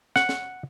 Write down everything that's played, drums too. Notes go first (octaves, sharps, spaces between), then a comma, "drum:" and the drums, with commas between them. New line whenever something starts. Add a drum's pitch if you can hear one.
F#5, drum: snare
drum: snare